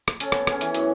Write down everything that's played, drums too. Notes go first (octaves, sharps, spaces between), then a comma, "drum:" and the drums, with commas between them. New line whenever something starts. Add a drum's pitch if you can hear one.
drum: rim click
C#4 A4, drum: hi-hat
B3, drum: rim click
C#4 G#4, drum: rim click
E3, drum: hi-hat
F#2 C#6, drum: hi-hat